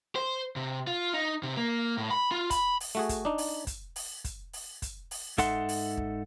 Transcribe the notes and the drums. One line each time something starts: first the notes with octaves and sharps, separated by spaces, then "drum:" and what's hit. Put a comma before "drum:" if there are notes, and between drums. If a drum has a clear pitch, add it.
C5
C3
F4
D#4
C3
A#3
A2
B5
F4
B5, drum: kick, hi-hat
drum: open hi-hat
A3 F#4 G#4
drum: kick, hi-hat
D4 D#4
drum: open hi-hat
drum: kick, hi-hat
drum: open hi-hat
drum: kick, hi-hat
drum: open hi-hat
drum: kick, hi-hat
drum: open hi-hat
G#2 D#4 A4 E5 F#5 C6, drum: kick, hi-hat
drum: open hi-hat
drum: kick